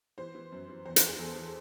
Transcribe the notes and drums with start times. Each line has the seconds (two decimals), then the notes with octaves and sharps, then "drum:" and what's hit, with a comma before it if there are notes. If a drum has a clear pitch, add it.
0.18 E3 C5
0.35 E3
0.52 F#2
0.68 E3
0.85 E2 C5
0.96 C5, drum: hi-hat
1.03 E2 G#4
1.19 E2 A4
1.35 E3